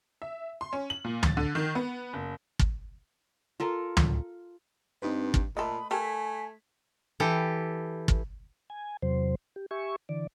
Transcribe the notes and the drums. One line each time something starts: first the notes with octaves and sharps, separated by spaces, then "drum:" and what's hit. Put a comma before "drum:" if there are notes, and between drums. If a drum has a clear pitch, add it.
E5
C6
C#4
F#7
A#2
A6, drum: tom
D3
D#3
B3
F#1
drum: kick
F4 A4 A#4
drum: tom
G2 C4 D#4 B4
drum: kick
A#2 A3 A4 D#5 B5
A3 G4 A4 A#4 G#5 G#6 B6
E3 G4 A4
drum: kick
G#5
E2 C3 F#3 C5
G4
G4 E5 G#5 C#6
D3 E3 D5